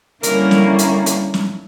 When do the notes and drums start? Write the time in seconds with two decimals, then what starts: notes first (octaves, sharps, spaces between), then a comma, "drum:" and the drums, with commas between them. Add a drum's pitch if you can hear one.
0.23 D3 G3 A#3 C#4 E4 A#4, drum: hi-hat
0.51 drum: snare
0.79 drum: hi-hat
1.06 drum: hi-hat
1.34 drum: snare